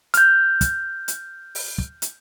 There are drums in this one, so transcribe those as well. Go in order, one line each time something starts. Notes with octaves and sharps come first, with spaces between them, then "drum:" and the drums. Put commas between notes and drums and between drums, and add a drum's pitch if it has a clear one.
F6 G6, drum: hi-hat
drum: kick, hi-hat
drum: hi-hat
drum: open hi-hat
drum: kick
drum: hi-hat